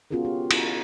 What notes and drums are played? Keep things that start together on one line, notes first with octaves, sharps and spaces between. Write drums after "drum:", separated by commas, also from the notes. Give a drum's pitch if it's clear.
B3 C#4 F4 F#4 G#4 A#4
G4
E4, drum: cymbal